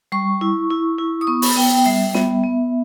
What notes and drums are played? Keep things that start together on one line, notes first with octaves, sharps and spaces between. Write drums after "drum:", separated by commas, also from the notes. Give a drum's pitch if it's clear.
G3 C#6
E4
E4
E4
D#6
B3 C#6
B5, drum: open hi-hat
B3 G5
G5
G3 E5
B3, drum: snare
B3